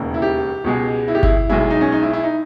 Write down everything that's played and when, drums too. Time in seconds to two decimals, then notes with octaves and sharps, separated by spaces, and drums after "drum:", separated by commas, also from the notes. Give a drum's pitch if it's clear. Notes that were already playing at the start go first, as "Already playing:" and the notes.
Already playing: E1 D#2 C#3
0.14 E4
0.22 G4
0.64 C#2 B2 G#3
1.08 E4
1.15 G4
1.23 E4, drum: kick G1
1.50 B1 B2 G#3 E4
1.60 E4
1.71 D#4
1.81 C#4
1.92 D#4
2.03 E4
2.13 E4
2.23 D#4